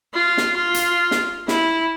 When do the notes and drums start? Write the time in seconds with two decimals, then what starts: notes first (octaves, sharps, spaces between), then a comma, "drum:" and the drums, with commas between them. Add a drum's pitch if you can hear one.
0.14 F4
0.38 drum: snare
0.56 F4
0.74 drum: hi-hat
1.11 drum: snare
1.48 E4, drum: snare